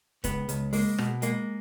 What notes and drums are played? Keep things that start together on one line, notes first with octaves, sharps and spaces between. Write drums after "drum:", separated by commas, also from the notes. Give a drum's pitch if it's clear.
C#2 B3, drum: kick, hi-hat
C#2, drum: hi-hat
G#3 A#3, drum: open hi-hat
B2, drum: rim click
G#3 A#3, drum: hi-hat